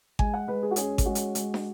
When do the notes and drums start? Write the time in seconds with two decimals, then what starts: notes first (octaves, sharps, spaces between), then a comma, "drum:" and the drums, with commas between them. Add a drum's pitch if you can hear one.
0.19 G#3 G#5, drum: kick G#1
0.34 F#5
0.47 G#3 B4
0.63 G#4
0.71 F#4
0.76 C#4 G#4, drum: hi-hat
0.98 G#4, drum: kick G#1, hi-hat
1.06 G#3 F#4
1.15 drum: hi-hat
1.35 G#3, drum: hi-hat
1.54 drum: snare